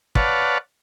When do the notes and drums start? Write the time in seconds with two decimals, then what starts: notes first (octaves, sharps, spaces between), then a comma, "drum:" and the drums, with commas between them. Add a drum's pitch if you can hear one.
0.15 B4 C#5 D5 F5 F#5 A5, drum: kick